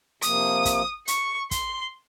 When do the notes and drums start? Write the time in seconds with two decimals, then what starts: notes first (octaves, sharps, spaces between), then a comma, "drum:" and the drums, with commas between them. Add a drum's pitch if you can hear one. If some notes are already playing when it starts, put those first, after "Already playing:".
0.22 C3 F3 A#3 D#6, drum: hi-hat
0.65 drum: kick, hi-hat
1.08 C#6, drum: hi-hat
1.51 C6, drum: kick, hi-hat